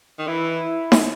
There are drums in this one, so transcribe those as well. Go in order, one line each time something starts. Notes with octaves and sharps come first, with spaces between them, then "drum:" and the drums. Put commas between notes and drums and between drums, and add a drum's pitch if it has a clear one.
D#3
E3 E4
drum: snare D#4